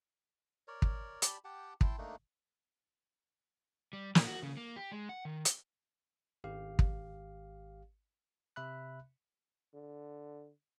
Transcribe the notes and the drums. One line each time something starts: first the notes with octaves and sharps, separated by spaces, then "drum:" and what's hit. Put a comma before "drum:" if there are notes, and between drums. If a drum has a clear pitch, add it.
A#4 C#5 D5
drum: kick
G4 D5 A5 B5, drum: hi-hat
G4 F#5 G5 A5
E4 G5 A5 C6, drum: kick
A3 A#3 D4 D#4
G3
A#2, drum: snare
F#4
C#3
A#3
G4
G#3
F#5
D#3
drum: hi-hat
G#1 G4 F5
drum: kick
C3 E5 B5 F#6
D3